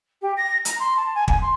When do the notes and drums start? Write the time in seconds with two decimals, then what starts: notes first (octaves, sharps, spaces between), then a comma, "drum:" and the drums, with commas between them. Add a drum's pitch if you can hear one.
0.22 G4
0.37 A#6
0.65 A#5, drum: hi-hat
0.79 C6
0.96 A5
1.15 G#5
1.28 G#5, drum: kick
1.41 C6